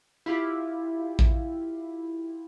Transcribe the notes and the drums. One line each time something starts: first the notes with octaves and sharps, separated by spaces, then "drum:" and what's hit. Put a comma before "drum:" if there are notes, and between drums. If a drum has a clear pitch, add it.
E4 F4 G4
drum: kick A1